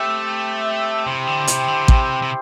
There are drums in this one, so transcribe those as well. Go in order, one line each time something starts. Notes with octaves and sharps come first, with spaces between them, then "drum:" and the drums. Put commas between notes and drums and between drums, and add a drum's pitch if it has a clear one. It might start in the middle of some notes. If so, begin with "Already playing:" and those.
Already playing: A3 C4 G4 E5
C3 E4 G4 C5 G5
D3
C3, drum: hi-hat
D3
C3, drum: kick
C3